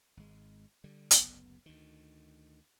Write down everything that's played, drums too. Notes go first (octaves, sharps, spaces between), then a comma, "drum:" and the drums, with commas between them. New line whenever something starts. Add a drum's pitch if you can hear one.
G#1 G#3
D3 G3
F#1 D2 B3, drum: hi-hat
D2 D#3